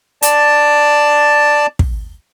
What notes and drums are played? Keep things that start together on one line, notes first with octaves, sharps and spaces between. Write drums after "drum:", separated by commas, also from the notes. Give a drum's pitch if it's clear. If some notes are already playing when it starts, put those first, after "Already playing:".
D5 A5, drum: hi-hat
drum: kick